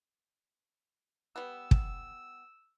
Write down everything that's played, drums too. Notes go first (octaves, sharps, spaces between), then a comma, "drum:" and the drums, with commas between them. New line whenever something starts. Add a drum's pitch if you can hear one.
G3 B3 E6
drum: kick